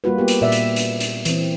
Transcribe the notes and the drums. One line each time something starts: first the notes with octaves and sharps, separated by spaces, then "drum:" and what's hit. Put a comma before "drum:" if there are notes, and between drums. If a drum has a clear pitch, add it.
G3 A#3 F4 F#4 B4
A#3 B3 G4 G#4
drum: hi-hat
A#2 D5 E5
drum: hi-hat
drum: hi-hat
drum: hi-hat
E3 C4, drum: hi-hat